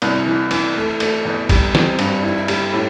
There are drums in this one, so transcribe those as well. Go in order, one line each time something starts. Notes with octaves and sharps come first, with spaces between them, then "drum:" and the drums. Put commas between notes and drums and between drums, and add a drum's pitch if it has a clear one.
C2, drum: cymbal
E3
E3, drum: cymbal
A3
A3, drum: cymbal
E2
G3, drum: kick A1, cymbal
C4, drum: snare
G2, drum: cymbal
E4
G3, drum: cymbal
A2